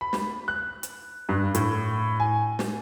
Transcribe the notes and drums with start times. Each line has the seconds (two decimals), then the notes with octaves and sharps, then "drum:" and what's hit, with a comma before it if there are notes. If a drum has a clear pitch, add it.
0.01 B5
0.13 drum: snare
0.48 F#6
0.83 drum: hi-hat
1.29 G2
1.55 A2, drum: hi-hat
2.20 G#5
2.59 drum: snare